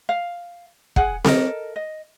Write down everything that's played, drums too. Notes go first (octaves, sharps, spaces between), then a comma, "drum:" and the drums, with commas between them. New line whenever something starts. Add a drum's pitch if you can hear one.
F5
G#4 F#5 G#5, drum: kick
A4 A#4 D#5, drum: snare C4
D#5